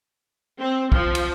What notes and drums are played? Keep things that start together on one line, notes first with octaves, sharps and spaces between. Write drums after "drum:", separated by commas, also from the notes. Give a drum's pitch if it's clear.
C4
F3, drum: kick
drum: cymbal